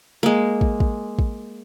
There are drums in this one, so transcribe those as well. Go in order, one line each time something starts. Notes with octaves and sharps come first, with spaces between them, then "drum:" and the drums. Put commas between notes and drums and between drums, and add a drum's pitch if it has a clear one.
G#3 A#3
drum: kick
drum: kick
drum: kick